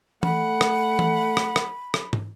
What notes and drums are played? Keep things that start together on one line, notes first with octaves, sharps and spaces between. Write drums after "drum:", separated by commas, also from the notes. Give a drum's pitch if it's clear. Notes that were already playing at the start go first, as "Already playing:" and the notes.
A3 F#5 B5, drum: tom E3
drum: rim click
drum: tom E3
drum: rim click
drum: rim click
drum: rim click
drum: tom